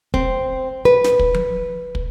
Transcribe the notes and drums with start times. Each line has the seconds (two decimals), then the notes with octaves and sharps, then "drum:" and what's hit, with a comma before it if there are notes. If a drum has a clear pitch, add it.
0.14 C4, drum: kick
0.85 B4
1.04 drum: snare
1.19 drum: kick
1.34 drum: tom F3
1.95 drum: kick